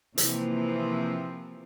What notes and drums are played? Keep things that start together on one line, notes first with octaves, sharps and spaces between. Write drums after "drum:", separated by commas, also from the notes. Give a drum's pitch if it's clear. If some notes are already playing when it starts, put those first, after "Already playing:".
C3 E3 F3 A#3 C4, drum: hi-hat